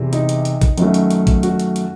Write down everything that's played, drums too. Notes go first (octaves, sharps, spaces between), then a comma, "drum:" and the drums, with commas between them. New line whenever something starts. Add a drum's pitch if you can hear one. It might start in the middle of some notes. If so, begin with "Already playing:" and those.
Already playing: E2 C3 E3
D#4, drum: hi-hat
drum: hi-hat
drum: hi-hat
drum: kick A1, hi-hat
F#2 D#3 F#3 A3, drum: hi-hat
drum: hi-hat
drum: hi-hat
drum: kick A1, hi-hat
F#4, drum: hi-hat
drum: hi-hat
drum: hi-hat